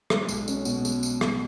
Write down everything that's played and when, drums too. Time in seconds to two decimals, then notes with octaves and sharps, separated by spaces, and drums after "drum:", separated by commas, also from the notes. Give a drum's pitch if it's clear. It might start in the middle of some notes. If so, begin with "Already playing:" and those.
0.10 G#3, drum: rim click
0.29 B1, drum: tambourine
0.48 C#4, drum: tambourine
0.65 B2, drum: tambourine
0.85 G#3, drum: tambourine
1.03 drum: tambourine
1.21 drum: rim click